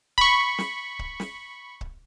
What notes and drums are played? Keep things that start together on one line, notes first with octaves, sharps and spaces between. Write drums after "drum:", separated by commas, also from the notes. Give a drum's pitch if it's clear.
B5 C#6, drum: kick C#1
drum: snare
drum: kick C#1
drum: snare
drum: kick C#1